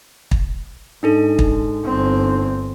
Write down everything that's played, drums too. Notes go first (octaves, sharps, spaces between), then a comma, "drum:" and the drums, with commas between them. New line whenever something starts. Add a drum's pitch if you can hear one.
drum: kick
G#2 D4 D#4 A4
drum: kick
G1 C4